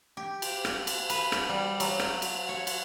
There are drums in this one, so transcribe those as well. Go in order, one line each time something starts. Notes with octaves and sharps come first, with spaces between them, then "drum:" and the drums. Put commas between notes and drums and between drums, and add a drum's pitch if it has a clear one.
G4
drum: cymbal
drum: rim click
drum: cymbal
B4, drum: cymbal
drum: rim click
G3
F#3, drum: cymbal
drum: rim click
drum: cymbal
C#5
drum: cymbal